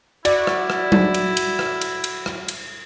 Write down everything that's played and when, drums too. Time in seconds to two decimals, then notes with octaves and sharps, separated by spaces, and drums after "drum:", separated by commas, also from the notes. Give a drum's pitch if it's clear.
0.25 E4 F#4 D5, drum: cymbal
0.47 drum: rim click
0.70 drum: rim click
0.92 drum: tom F#3
1.14 drum: cymbal
1.37 drum: cymbal
1.59 drum: rim click
1.81 drum: cymbal
2.04 drum: cymbal
2.26 drum: rim click
2.48 drum: cymbal